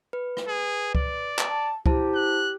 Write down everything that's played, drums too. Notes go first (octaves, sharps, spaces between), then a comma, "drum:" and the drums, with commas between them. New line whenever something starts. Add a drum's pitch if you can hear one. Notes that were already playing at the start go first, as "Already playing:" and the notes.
B4
drum: rim click
G#4
D5, drum: kick C#2
drum: clap
A5
E4 G4 C5 A5, drum: kick C#2
F#6